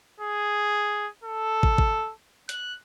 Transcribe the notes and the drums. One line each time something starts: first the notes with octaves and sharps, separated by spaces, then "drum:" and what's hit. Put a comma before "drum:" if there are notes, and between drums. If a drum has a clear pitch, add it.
G#4
A4
drum: kick
drum: kick
F#6, drum: hi-hat